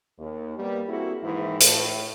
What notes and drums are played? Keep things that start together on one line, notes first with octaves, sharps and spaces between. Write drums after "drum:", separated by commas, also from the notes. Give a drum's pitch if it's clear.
D#2
G3 A#3 B3
A#3 C4 E4 F#4 G#4 A4
D#2 G#2 D#3 E3 E4
A2, drum: hi-hat